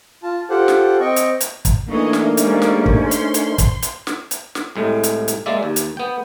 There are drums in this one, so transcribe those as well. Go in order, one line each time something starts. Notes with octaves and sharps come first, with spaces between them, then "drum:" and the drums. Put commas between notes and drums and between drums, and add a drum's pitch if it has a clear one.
F4 A5
F4 G4 A4 C5 F#5
drum: snare
C4 D#5 G5 C#6
drum: hi-hat
drum: hi-hat
drum: kick, hi-hat
E3 A3 A#3 D4 D#4 G#4 D#5 C#6
drum: snare
G3 G#3 C#4 A#4 C5, drum: hi-hat
drum: snare
drum: kick
C6, drum: hi-hat
drum: hi-hat
drum: kick, hi-hat
drum: hi-hat
drum: snare
drum: hi-hat
drum: snare
C2 A2 G#3
drum: hi-hat
drum: hi-hat
G#3 A#3 D5 E5
D#2
drum: hi-hat
B3 G5